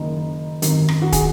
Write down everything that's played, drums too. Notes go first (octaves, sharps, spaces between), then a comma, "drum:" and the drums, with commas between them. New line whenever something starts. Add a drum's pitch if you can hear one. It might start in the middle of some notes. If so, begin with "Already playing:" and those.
Already playing: F#1 F#2 D#3
G#1 F#2 D#3, drum: hi-hat
drum: rim click
F#4
G#4, drum: kick, hi-hat